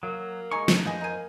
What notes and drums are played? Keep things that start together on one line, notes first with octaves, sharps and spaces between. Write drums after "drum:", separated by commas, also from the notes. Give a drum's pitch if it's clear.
F#3 A#3
G#3 D#4 G#5 C#6
D4, drum: snare
F2 B3 G#4 C5 D#5 F5
A#3 D#4 G#5